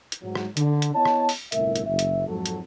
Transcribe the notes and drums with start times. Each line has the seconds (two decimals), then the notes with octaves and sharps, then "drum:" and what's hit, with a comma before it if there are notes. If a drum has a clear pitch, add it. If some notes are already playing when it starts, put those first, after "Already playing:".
0.12 drum: hi-hat
0.23 G#2 F#3
0.35 drum: rim click
0.57 D3, drum: hi-hat
0.82 drum: hi-hat
0.94 B3 E4 C#5 D#5 A5
1.05 drum: rim click
1.29 drum: open hi-hat
1.52 G1 C2 A2 A#4 E5, drum: hi-hat
1.76 drum: hi-hat
1.86 F#1 E5
1.99 drum: hi-hat
2.28 F2 G#2 F#3 A4
2.46 drum: hi-hat